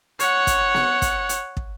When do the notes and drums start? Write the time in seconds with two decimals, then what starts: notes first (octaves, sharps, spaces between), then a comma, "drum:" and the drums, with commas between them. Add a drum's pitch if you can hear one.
0.20 C#5 F#5, drum: hi-hat
0.47 drum: kick, hi-hat
0.74 drum: snare B3
1.02 drum: kick, hi-hat
1.29 drum: hi-hat
1.57 drum: kick